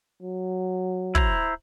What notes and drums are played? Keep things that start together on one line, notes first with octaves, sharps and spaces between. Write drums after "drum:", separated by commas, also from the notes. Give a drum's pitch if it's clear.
F#3
E4 C5 A#5, drum: kick